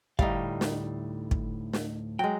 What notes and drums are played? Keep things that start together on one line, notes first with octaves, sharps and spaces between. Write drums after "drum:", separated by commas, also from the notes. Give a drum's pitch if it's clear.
D2 A2 G3 D#4 F5, drum: kick
drum: snare
drum: kick
drum: snare
F#3 G#3 G5